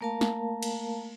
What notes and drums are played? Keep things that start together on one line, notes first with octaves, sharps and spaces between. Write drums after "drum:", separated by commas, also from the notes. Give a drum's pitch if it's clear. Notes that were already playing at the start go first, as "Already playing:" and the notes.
A3 A#3 A#4 F5 A5
drum: snare
drum: cymbal